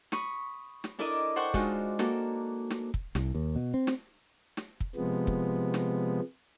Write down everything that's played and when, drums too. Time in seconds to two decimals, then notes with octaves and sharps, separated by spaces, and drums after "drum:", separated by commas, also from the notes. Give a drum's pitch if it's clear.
0.12 B5 C#6 D#6, drum: snare
0.84 drum: snare
0.99 D4 E4 A4 A#4 D#5 D6
1.36 A4 C5 F#5 G5 C#6
1.54 G#3 D4 D#4 F4 F#4, drum: kick
1.99 A#3 F#4 A4, drum: snare
2.70 drum: snare
2.94 drum: kick
3.15 C2, drum: snare
3.35 D#2
3.56 B2
3.74 C4
3.87 drum: snare
4.57 drum: snare
4.80 drum: kick
4.96 C3 F3 G#3 B3
5.27 drum: kick
5.74 drum: snare